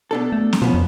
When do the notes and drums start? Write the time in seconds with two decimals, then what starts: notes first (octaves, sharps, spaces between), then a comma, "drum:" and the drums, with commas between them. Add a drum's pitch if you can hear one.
0.11 B2 D4 A4
0.32 A3
0.53 drum: snare C4
0.62 B2 F3 B3 C#4
0.74 F2